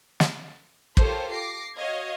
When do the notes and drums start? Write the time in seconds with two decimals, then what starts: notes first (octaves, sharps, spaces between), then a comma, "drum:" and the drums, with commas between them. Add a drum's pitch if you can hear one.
0.20 drum: snare
0.97 F4 G4 A4 A#4 C5 C#5, drum: kick
1.31 D6 A#6 C7
1.76 F#4 C#5 D#5 F5 G#6